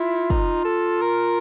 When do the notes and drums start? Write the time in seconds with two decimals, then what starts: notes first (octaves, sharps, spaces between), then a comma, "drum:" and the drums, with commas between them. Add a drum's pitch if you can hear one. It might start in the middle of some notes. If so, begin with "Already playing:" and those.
Already playing: E4 F4
0.30 D#4, drum: kick
0.64 A4
1.01 A#4